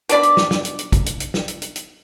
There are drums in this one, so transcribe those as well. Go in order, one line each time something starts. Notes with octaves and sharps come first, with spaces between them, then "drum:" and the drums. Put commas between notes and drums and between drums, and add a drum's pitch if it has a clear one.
B2 D4 D5 B5, drum: hi-hat
drum: hi-hat
drum: snare
drum: snare
drum: hi-hat
drum: hi-hat
drum: kick, hi-hat
drum: hi-hat
drum: hi-hat
drum: snare
drum: hi-hat
drum: hi-hat
drum: hi-hat